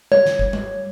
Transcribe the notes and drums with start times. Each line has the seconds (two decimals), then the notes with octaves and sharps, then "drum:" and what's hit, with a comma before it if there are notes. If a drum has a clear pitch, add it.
0.12 C#5, drum: tom G3
0.25 drum: snare
0.39 drum: kick F#1
0.53 drum: tom G3